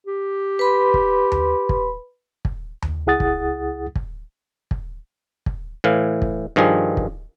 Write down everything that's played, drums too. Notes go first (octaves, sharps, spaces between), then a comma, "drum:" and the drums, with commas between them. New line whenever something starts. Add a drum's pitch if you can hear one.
G4
B4 B5 C6
drum: kick
drum: tom D#2
drum: kick
drum: kick
drum: tom D#2
C#2 E4 G#4 F#5 D#6 A6
drum: kick
drum: kick
drum: kick
drum: kick
A2 E3 F5
drum: kick
G2 D#3 F3 G#4
drum: kick